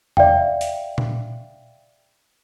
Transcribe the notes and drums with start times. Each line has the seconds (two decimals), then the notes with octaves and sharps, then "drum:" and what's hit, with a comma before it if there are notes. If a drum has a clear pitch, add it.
0.17 D5 E5 F5 G5, drum: tom E2
0.61 drum: hi-hat
0.98 drum: tom A#2